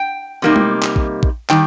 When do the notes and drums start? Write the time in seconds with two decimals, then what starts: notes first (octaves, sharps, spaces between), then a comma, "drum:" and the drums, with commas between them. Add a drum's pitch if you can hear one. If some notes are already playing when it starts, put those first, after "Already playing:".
Already playing: G5
0.42 C3 G3 A#3 D#4
0.56 drum: tom G#3
0.83 drum: clap
0.96 drum: kick
1.23 drum: kick
1.50 D#3 G3 G5, drum: clap